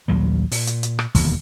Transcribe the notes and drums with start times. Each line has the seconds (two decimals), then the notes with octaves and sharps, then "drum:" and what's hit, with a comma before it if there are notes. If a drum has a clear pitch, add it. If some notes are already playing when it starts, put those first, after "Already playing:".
0.08 A#1 D#2 F#3 G3
0.51 A#2, drum: open hi-hat
0.67 drum: hi-hat
0.83 drum: hi-hat
0.99 drum: rim click
1.15 E1 D#2 B2 D3, drum: kick, open hi-hat